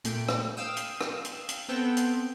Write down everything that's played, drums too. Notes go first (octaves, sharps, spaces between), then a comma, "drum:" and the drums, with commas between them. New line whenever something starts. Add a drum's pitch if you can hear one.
A#2 A3 G5, drum: hi-hat
drum: rim click
F5 G5 D#6 E6
drum: hi-hat
drum: rim click
drum: hi-hat
drum: hi-hat
B3 C4 A4 C5 G5
drum: hi-hat